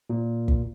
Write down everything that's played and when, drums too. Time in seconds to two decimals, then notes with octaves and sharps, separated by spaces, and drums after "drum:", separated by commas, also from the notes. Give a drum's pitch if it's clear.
0.10 A#2
0.48 drum: kick